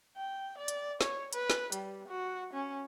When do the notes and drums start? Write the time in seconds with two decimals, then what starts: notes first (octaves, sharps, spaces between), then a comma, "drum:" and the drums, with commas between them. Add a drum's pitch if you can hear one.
0.16 G5
0.58 D5
0.68 drum: hi-hat
1.01 C#5, drum: snare
1.33 B4, drum: hi-hat
1.50 drum: snare
1.72 G3, drum: hi-hat
2.08 F#4
2.53 C#4